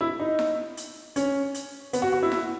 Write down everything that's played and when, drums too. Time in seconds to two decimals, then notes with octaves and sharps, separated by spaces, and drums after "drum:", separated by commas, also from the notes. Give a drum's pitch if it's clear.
0.01 E4
0.19 D#4
0.39 drum: snare E4
0.77 drum: hi-hat
1.16 C#4, drum: hi-hat
1.54 drum: hi-hat
1.93 B3, drum: hi-hat
2.02 F#4
2.12 F#4
2.23 E4
2.32 drum: snare E4